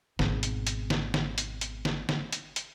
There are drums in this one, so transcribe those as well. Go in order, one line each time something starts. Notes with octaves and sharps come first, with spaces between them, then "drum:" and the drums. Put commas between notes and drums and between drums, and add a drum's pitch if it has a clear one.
G#1 B2, drum: snare
drum: hi-hat
drum: hi-hat
drum: snare
drum: snare
drum: hi-hat
drum: hi-hat
drum: snare
drum: snare
drum: hi-hat
drum: hi-hat